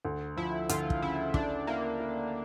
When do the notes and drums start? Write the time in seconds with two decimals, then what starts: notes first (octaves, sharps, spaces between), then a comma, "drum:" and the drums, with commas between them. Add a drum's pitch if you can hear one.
0.05 D2
0.37 F3 E4
0.69 D2 F4, drum: hi-hat
0.90 drum: kick
1.02 C#3 E4
1.34 D4 E4, drum: kick
1.67 A#3 E4
2.00 E4